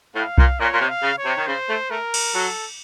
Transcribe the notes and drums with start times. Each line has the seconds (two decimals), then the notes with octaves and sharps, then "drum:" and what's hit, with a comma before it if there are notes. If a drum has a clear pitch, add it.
0.16 A2 F5
0.38 A#2, drum: kick B1
0.60 A#2 C#5
0.73 A#2
0.81 C3
0.89 F5
1.03 C#3
1.18 C#5
1.25 C3
1.38 D#3
1.46 C#3 C5
1.69 A3
1.91 A3 A#4
2.14 drum: cymbal
2.34 F#3 A4